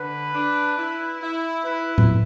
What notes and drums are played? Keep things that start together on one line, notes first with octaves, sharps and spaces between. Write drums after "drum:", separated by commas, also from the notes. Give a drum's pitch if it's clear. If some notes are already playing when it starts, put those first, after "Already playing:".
Already playing: D3 B4
D4
E4
E4
E4 B4
drum: tom A2